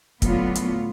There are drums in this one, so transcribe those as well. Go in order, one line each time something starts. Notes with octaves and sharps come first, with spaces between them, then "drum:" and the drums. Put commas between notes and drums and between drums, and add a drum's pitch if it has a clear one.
A2 D3 F#3 B3 F4, drum: kick, hi-hat
drum: hi-hat